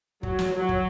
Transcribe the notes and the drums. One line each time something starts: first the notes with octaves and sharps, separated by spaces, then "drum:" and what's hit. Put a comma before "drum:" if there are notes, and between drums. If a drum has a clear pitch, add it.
F#3, drum: kick
drum: snare
F#3
drum: kick